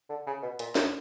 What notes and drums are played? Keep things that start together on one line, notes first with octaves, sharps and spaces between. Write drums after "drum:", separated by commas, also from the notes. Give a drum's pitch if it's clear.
D3
C#3
B2
A#2, drum: hi-hat
F#2, drum: snare